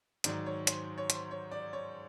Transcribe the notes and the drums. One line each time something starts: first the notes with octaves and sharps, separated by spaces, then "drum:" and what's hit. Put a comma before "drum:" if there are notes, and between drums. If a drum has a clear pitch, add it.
G#2 D#3 F#3 D5, drum: hi-hat
C#5
C5, drum: hi-hat
C#5
C5, drum: hi-hat
C#5
D5
C#5